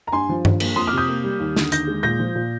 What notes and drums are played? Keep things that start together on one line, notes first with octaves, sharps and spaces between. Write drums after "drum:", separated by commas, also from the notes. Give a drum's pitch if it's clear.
A#5
G2 G#5 C6
F3
G2, drum: tom G2
A#3, drum: cymbal
F2 C6 D#6
D6 F6
C3 D#6 G6
A#3
G3
D#2
D3, drum: snare
D#2 G6 A#6, drum: hi-hat
G#3
A#2 G6 A#6
F3
A#2